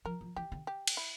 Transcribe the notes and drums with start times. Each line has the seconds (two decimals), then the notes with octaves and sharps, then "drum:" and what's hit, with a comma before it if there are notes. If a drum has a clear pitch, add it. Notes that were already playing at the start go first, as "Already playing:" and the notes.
0.05 F3 A#4
0.21 F3
0.36 E3 G4
0.52 D3
0.67 G4
0.87 drum: cymbal
0.97 E4